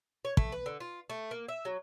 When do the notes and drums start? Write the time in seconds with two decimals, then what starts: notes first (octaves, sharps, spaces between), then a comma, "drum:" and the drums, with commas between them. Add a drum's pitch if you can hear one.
0.25 C#5
0.37 A3, drum: kick
0.52 B4
0.66 D3
0.80 F4
1.10 A3
1.31 A#3
1.48 E5
1.65 F#3